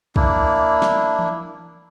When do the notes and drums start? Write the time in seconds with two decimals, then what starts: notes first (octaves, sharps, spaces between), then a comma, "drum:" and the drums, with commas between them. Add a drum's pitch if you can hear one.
0.16 A#3 D4 E4, drum: kick
0.82 drum: snare
1.19 drum: tom E3